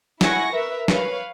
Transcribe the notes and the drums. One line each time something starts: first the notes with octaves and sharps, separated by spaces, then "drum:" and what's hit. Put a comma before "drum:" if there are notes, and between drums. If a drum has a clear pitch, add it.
E4 F#5 G#5 C#6 A#6, drum: snare
A#4 B4 E5
B4 C#5 F5, drum: snare